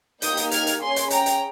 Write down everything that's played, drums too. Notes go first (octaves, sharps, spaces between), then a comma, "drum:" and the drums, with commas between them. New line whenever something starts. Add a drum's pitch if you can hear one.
A#3 D#4 G4 D#6 G6, drum: hi-hat
drum: hi-hat
F6 G#6, drum: hi-hat
drum: hi-hat
C#4 G#4 G#5 C6
drum: hi-hat
G5 A#5, drum: hi-hat
drum: hi-hat